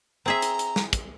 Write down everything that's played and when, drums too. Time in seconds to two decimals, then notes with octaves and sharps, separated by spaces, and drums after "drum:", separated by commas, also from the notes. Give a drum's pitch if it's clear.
0.26 C4 G#4 E5 A#5
0.42 drum: hi-hat
0.59 drum: hi-hat
0.76 drum: snare
0.93 drum: kick, hi-hat